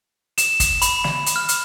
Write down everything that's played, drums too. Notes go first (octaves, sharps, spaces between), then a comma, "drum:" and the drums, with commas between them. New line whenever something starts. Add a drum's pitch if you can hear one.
E7, drum: hi-hat
drum: kick, hi-hat
B5, drum: hi-hat
drum: snare
drum: hi-hat
F6
drum: hi-hat